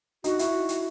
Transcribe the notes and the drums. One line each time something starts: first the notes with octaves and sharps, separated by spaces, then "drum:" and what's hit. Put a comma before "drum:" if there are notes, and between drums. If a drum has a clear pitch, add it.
D#4 F#4, drum: hi-hat
E4, drum: hi-hat
drum: hi-hat